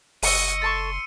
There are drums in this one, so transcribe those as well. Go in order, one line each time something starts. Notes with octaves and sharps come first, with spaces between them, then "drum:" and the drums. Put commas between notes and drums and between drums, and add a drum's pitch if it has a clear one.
F#1 D#5 C#6 E6 C#7 D#7, drum: open hi-hat
A4 A5 C6 C#6